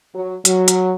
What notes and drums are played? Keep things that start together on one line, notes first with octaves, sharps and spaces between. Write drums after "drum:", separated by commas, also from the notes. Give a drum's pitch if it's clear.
F#3
F#3, drum: hi-hat
drum: hi-hat